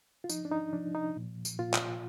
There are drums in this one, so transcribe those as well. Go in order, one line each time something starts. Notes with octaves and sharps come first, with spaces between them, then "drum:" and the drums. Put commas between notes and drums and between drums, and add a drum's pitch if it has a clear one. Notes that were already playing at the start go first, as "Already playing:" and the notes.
F4
F3 D#4, drum: tambourine
D4
D#4
F3 D4
D#4
A#2
drum: tambourine
A#2 F4
drum: clap